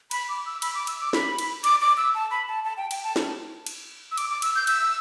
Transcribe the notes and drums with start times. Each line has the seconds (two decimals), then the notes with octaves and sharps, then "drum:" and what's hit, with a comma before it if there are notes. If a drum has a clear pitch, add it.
0.11 B5, drum: cymbal
0.29 D6
0.46 E6
0.62 B5, drum: cymbal
0.75 D6
0.87 E6, drum: cymbal
1.01 D6
1.13 B5, drum: snare
1.38 drum: cymbal
1.64 D6, drum: cymbal
1.81 D6
1.97 E6
2.15 A5
2.31 B5
2.48 A5
2.65 A5
2.77 G5
2.91 G5, drum: cymbal
3.04 A5
3.16 drum: snare
3.66 drum: cymbal
4.12 E6
4.18 D6, drum: cymbal
4.30 D6
4.42 E6, drum: cymbal
4.56 G6
4.67 E6, drum: cymbal